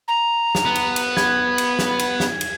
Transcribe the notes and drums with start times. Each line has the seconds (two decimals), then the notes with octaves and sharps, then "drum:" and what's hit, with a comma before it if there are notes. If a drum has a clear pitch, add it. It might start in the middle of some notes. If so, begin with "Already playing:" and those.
0.08 A#5
0.55 drum: snare
0.65 B3
0.75 drum: cymbal
0.96 drum: cymbal
1.17 B5 G#6, drum: snare
1.58 drum: cymbal
1.79 drum: snare
1.99 drum: cymbal
2.20 drum: snare
2.41 drum: cymbal